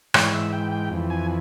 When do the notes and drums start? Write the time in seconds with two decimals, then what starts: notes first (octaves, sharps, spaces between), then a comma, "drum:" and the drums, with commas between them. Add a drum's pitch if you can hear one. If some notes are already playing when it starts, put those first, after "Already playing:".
0.14 G#2 E3 C#5, drum: rim click
0.34 E5
0.53 G5
0.72 G5
0.91 F2 E3
1.10 G#5